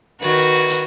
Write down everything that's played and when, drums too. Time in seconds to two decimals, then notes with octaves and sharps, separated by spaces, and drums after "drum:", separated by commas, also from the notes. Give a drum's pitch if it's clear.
0.22 D#3 F#4 B4, drum: open hi-hat
0.38 drum: hi-hat
0.54 drum: open hi-hat
0.70 drum: hi-hat